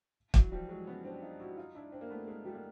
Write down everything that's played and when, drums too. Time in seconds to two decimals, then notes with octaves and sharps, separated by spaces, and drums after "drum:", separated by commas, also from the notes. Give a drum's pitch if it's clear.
0.34 E3 F#3, drum: kick
0.52 F3 G3
0.69 F#3 G#3
0.87 B3 C#4
1.04 C4 D4
1.22 D#4 F4
1.40 E4 F#4
1.57 D#4 F4
1.75 D4 E4
1.92 C4 D4
2.01 A#3
2.10 A3 B3
2.27 G#3 A#3
2.45 G3 A3
2.55 A#3